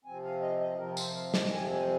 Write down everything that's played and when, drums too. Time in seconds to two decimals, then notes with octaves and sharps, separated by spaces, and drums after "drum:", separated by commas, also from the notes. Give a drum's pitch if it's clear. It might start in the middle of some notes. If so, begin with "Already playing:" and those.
0.04 C3 F3 C4 G#5
0.23 F5
0.41 D#5
0.60 D#5
0.78 C3 F3 C4 A#4
0.97 C5, drum: tambourine
1.15 F5
1.34 D#5, drum: snare
1.52 F2 C3 F3 C4 G#5
1.70 G#5